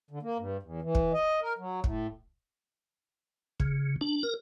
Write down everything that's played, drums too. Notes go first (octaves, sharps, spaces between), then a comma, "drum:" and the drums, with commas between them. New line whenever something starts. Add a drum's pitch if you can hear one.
D3
A#3
G2
E2
E3
drum: kick
D#5
A#4
F#3
A2, drum: kick
C#3, drum: kick
D4
A#4